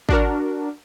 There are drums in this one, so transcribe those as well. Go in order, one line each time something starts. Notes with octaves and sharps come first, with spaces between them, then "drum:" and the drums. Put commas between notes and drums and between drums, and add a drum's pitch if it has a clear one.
D4 F#4 A#4, drum: kick